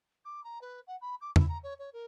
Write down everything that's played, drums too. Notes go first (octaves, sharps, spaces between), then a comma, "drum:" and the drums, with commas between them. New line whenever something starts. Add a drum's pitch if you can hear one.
D6
A#5
B4
F#5
B5
D6
E4, drum: tom E2
A#5
C#5
C#5
A#4